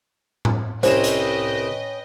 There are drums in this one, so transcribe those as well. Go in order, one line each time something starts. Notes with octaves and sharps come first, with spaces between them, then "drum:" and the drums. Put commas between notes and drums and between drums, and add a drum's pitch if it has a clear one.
drum: tom A2
C2 C4 C#4 B4 C5 D#5 G5, drum: hi-hat
drum: hi-hat